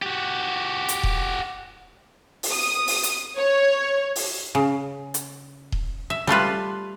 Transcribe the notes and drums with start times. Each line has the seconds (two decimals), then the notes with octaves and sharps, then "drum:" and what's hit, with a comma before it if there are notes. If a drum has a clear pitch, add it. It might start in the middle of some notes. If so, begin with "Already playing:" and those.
0.02 F#4 G4
0.89 drum: hi-hat
1.03 drum: kick D#1
2.43 drum: open hi-hat
2.53 D#6
2.87 drum: open hi-hat
3.03 drum: hi-hat
3.37 C#5
4.16 drum: open hi-hat
4.55 C#3
5.14 drum: hi-hat
5.72 drum: kick D#1
6.10 E5
6.27 G3 A3 F4 B4